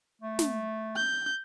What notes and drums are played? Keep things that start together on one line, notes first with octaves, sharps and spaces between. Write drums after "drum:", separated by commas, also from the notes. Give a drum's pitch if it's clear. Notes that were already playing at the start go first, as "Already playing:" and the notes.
A3
drum: snare
G6